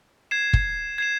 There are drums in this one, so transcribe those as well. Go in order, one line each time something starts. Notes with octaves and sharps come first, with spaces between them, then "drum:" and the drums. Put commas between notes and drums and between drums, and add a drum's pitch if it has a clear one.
G#6 C7 E7
drum: kick
G#6 C7 E7